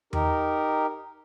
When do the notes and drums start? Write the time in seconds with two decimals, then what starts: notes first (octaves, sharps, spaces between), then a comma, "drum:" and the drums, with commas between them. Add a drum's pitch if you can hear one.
0.13 D#4 G4 A#4, drum: tom E2